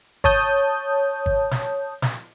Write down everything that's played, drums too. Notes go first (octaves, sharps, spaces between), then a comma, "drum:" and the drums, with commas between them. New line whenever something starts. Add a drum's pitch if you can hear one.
C#5 A5 D#6 G6, drum: kick
drum: kick
drum: snare
drum: snare